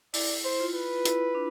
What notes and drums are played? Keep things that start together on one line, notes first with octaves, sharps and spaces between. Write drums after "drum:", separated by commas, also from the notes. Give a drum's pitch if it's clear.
E4 D5, drum: open hi-hat
C5
F4
B4
E4, drum: hi-hat
D4